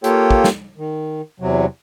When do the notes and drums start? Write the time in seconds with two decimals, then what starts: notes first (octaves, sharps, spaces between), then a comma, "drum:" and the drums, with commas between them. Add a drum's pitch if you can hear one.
0.04 A#3 F4 G4 A4 C#5 G5, drum: hi-hat
0.31 drum: kick
0.44 drum: snare
0.77 D#3
1.40 E2 C3 F#3